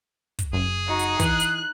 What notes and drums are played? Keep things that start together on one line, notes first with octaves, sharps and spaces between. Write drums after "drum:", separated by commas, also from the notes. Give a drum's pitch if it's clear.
drum: kick, hi-hat
F#1 G#4
D#4 F#4
drum: hi-hat
E3 F#6, drum: kick, hi-hat
drum: hi-hat